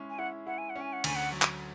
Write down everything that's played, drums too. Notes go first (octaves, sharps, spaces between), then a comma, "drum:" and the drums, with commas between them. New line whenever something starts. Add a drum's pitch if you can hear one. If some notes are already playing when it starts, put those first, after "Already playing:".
Already playing: G#3 C#4 E4
G#5
E4 F#5
E4 F#5
G#5
F#5
C#4
G#5
F#5
D2 G#5, drum: cymbal
F#5
F#3
drum: clap